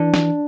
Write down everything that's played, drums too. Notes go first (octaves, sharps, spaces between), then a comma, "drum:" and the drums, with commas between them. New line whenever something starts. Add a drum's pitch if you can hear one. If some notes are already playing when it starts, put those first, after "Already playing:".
Already playing: E3 D4
drum: snare